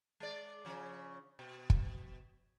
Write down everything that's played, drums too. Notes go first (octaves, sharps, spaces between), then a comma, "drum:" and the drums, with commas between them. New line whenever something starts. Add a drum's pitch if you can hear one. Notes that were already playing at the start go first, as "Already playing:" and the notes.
G#3 D5
C#3 F3 C#4
B2
drum: kick